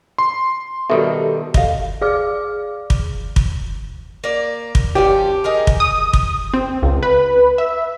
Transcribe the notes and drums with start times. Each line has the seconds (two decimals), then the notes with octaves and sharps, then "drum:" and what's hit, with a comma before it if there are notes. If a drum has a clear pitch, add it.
0.18 C6
0.90 B2 D#3 G3 G4 A4 E5
1.54 D#5 F5, drum: kick
2.01 G#4 D5 F5 D6 F6
2.90 drum: kick
3.36 drum: kick
4.24 A#3 D5
4.75 drum: kick
4.95 F3 C#4 G4 D5
5.44 D#4 G#4 A#4
5.67 drum: kick
5.80 D#6
6.13 drum: kick
6.54 C4
6.82 C#2
7.03 B4
7.58 E5